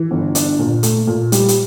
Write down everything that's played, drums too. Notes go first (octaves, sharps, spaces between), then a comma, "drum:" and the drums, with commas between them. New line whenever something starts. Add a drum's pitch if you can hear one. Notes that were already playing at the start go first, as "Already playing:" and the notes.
Already playing: E3
G1
D4, drum: hi-hat
A#2
A3, drum: hi-hat
A#2
G3, drum: hi-hat
drum: hi-hat